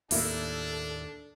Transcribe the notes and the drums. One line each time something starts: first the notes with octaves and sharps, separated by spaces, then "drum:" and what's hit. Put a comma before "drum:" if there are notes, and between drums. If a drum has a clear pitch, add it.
D#2 A2 A#3 D4 E4 A4, drum: open hi-hat